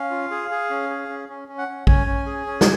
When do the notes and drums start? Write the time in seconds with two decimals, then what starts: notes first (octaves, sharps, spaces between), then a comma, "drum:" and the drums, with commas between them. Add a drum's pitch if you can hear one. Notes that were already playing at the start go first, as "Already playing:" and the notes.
Already playing: C#4 F5
0.10 F4
0.30 G#4
0.51 G#4
0.70 C#4
0.90 G#4
1.09 C#4
1.29 C#4
1.48 C#4
1.58 F#5
1.68 C#4
1.87 C#4 G#5, drum: kick A#1
2.07 C#4
2.26 G#4
2.46 C#4
2.61 drum: snare